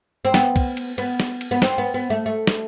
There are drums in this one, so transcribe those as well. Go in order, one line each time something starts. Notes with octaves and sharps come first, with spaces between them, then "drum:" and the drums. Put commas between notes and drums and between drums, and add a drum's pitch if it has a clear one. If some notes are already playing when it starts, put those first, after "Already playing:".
C4
B3, drum: snare
drum: kick, cymbal
drum: cymbal
B3, drum: cymbal
drum: snare
drum: cymbal
B3
C4, drum: snare
B3
B3
A3
A3
drum: snare